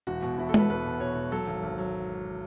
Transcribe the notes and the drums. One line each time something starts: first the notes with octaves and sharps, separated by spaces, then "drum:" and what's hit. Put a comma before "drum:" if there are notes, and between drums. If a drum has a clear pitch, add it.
E1 F#4
B2
E1 E4
A4
E1 B4, drum: tom G#3
E2 B4
B2
B2 C#5
E1
F#3 A4
G#1
G#1
F#3